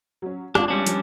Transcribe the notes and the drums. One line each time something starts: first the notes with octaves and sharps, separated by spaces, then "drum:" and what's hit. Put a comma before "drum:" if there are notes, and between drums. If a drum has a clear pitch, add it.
F#3 C#4
G#1 D4 F4, drum: rim click
G3 C#4 D4
F3, drum: hi-hat